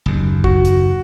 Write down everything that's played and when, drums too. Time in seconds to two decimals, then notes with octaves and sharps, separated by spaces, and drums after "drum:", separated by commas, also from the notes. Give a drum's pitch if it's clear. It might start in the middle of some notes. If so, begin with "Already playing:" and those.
0.06 F#1 D#2
0.44 F#4, drum: kick
0.65 drum: hi-hat